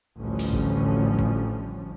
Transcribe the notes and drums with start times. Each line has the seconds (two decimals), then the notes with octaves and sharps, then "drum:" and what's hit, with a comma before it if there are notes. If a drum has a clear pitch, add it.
0.17 A1 D2 D3 F3 G3 C#4
0.39 drum: open hi-hat
0.52 drum: kick G#1
1.19 drum: kick G#1